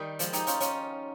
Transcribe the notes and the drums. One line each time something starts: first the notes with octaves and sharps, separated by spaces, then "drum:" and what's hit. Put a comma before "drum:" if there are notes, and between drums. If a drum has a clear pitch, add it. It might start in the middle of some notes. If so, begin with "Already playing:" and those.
Already playing: D#3 G3 D#4
F3 G#3, drum: hi-hat
D#4 G4, drum: hi-hat
C#4 F4, drum: hi-hat
C#4 F4, drum: hi-hat